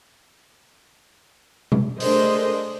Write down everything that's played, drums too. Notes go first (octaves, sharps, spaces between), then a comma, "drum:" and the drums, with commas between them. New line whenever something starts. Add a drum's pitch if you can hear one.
drum: tom C3
A3 D4 G#4 A#4 C5 D#5, drum: open hi-hat